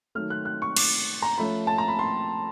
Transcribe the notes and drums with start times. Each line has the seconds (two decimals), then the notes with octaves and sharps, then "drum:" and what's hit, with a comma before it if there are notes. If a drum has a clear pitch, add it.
0.15 D#3 F#3 A3 F6
0.30 F#6
0.45 F#6
0.62 C#6
0.77 D6, drum: cymbal
1.22 A#5
1.38 F3 A3 C#4 B5
1.67 A5
1.78 A#5
1.88 B5
1.99 C6